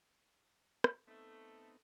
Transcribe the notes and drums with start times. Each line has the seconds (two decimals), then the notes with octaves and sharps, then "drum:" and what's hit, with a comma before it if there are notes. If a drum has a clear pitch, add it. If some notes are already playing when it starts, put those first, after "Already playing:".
0.84 drum: rim click
1.07 A3 B3 C4 D#4 A4